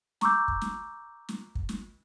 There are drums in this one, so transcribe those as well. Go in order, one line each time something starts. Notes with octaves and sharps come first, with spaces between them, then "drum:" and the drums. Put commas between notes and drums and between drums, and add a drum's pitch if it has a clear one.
A#5 C#6 D6 E6 G6, drum: snare
drum: kick
drum: snare
drum: snare
drum: kick
drum: snare